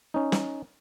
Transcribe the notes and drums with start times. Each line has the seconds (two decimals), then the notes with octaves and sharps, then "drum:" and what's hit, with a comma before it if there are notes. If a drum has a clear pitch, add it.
0.14 C#4 D#4
0.32 drum: snare